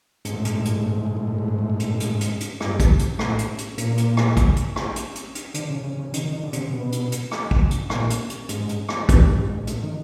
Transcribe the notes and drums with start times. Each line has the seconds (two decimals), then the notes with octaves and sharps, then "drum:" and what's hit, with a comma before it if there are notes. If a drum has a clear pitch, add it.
0.25 G#2, drum: hi-hat
0.34 A2
0.45 G#2, drum: hi-hat
0.56 A2
0.65 G#2, drum: hi-hat
0.76 A2
0.87 G#2
0.97 A2
1.06 G#2
1.17 A2
1.27 G#2
1.38 A2
1.48 G#2
1.58 A2
1.70 G#2
1.80 A2, drum: hi-hat
1.90 G#2
2.00 A2, drum: hi-hat
2.10 G#2
2.21 drum: hi-hat
2.40 drum: hi-hat
2.60 G2, drum: rim click
2.80 drum: kick, hi-hat
2.99 drum: hi-hat
3.19 A2, drum: rim click
3.39 drum: hi-hat
3.58 drum: hi-hat
3.78 A#2, drum: hi-hat
3.97 drum: hi-hat
4.17 drum: rim click
4.37 drum: kick, hi-hat
4.56 drum: hi-hat
4.76 drum: rim click
4.96 drum: hi-hat
5.15 drum: hi-hat
5.35 drum: hi-hat
5.54 D3, drum: hi-hat
5.70 C#3
5.84 C#3
5.99 C#3
6.14 D#3, drum: hi-hat
6.28 D#3
6.43 D3
6.53 C3, drum: hi-hat
6.58 C#3
6.73 B2
6.92 drum: hi-hat
7.12 drum: hi-hat
7.31 drum: rim click
7.51 drum: kick
7.71 drum: hi-hat
7.90 A#2, drum: rim click
8.10 drum: hi-hat
8.30 drum: hi-hat
8.49 G#2, drum: hi-hat
8.69 drum: hi-hat
8.89 drum: rim click
9.09 G2, drum: kick, hi-hat
9.22 G2
9.37 G#2
9.52 G#2
9.67 A2, drum: hi-hat
9.83 D#3